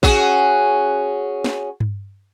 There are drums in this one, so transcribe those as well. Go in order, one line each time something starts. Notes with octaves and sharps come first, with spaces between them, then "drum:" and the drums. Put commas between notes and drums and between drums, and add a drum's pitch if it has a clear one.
C#4 F#4 G#4, drum: kick A1
drum: snare
drum: tom G2